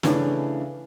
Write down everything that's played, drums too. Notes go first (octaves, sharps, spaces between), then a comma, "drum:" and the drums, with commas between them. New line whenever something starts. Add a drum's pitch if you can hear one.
C#3 E3 A3 C#4 D4, drum: snare